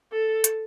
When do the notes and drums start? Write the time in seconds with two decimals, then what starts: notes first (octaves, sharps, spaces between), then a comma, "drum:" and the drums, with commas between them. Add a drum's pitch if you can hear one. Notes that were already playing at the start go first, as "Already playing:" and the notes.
0.13 A4
0.44 drum: hi-hat